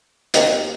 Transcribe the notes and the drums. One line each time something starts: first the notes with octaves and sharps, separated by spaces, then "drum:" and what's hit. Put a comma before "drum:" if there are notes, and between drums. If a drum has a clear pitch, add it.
D#2 D#3 C4 D#4, drum: hi-hat